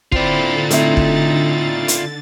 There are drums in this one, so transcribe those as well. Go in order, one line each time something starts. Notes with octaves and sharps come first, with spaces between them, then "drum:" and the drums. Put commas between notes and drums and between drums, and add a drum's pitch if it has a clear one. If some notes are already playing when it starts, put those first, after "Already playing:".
D3 C4 E4 F4 D5 A6, drum: kick
A3 C4 D#4 E4, drum: hi-hat
drum: kick
drum: hi-hat